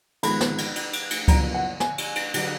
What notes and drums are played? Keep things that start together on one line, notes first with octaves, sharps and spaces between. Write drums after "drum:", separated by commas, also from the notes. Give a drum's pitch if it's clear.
G#1 G#2 F3 G#3 B3 B5, drum: cymbal
drum: snare
drum: cymbal
drum: cymbal
drum: cymbal
drum: cymbal
F#1 F#2 F3 B3 D4 A#5, drum: kick C#2, cymbal
F#5
G#5, drum: snare
drum: cymbal
drum: cymbal
D3 F#3, drum: cymbal